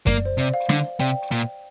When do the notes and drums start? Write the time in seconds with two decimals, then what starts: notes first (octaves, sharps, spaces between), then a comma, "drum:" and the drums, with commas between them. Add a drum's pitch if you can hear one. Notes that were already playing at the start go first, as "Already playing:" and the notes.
0.07 A#3 D5, drum: kick F#2, hi-hat
0.25 C5
0.38 C3 D5, drum: hi-hat
0.54 F5
0.69 D3, drum: snare
0.99 C3 D5 G5, drum: hi-hat
1.32 A#2, drum: hi-hat